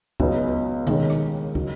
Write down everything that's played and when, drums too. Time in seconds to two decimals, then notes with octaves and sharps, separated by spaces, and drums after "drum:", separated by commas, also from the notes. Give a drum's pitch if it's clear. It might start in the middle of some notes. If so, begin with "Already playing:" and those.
0.20 C#2 C#3 F#3 B3 D#4, drum: kick
0.87 D#2 D#3 G#3 C#4, drum: tom B2
1.10 drum: rim click
1.55 C#3 F#3 D#4, drum: kick